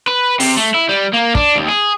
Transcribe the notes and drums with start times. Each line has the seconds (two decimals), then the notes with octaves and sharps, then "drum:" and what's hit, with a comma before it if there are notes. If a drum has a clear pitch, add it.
0.08 B4
0.40 C3, drum: open hi-hat
0.57 A3
0.74 E4
0.89 G3
1.14 A#3
1.35 D4, drum: kick
1.56 D#2
1.69 G#4